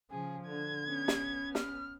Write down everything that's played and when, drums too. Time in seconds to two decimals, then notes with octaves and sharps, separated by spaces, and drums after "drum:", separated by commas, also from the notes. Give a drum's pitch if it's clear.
0.11 C#3 F3 G#4
0.47 D3 G#6
0.85 B3 C#4
1.08 drum: snare
1.55 F6, drum: snare